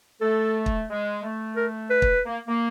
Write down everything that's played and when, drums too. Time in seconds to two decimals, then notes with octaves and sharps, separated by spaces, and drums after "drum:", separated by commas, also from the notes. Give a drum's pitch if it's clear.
0.21 A3 A4
0.66 drum: kick
0.89 G#3
1.23 A3
1.56 A#4
1.91 B4
2.02 drum: kick
2.25 A#3
2.47 A#3